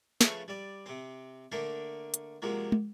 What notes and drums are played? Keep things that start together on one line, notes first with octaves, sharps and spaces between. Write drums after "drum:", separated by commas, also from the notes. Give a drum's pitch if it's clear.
C#3 F3 A3 A4 B4 C#5, drum: snare
G3 D5
C3 C4
D3 A3 A#3 D4 A#4
drum: hi-hat
C3 F3 F#3 G#3 A#3
drum: tom